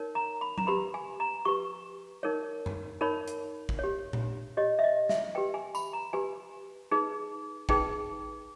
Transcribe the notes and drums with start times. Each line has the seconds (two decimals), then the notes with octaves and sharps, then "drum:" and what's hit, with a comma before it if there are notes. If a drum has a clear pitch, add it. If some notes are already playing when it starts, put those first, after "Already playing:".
Already playing: D#4 A#4 C#5
0.15 A#5
0.41 B5
0.58 A#5, drum: tom F#3
0.67 G4 B4 B5
0.94 G#5
1.20 A#5
1.45 G4 B4 C#6
2.23 D#4 A#4 C#5
2.66 drum: tom F#2
3.01 D#4 A#4 C#5 B5
3.28 drum: hi-hat
3.69 drum: kick A1
3.79 G4 C#5
4.13 drum: tom A#2
4.57 G4 C#5 D#5
4.79 E5
4.84 D#5
5.09 E5, drum: snare
5.35 G4 B4 G5
5.54 G#5
5.75 B5, drum: tambourine
5.93 A#5
6.13 G4 B4 G#5
6.91 D#4 G#4 B4
7.69 D#4 G#4 B4 G5, drum: kick A1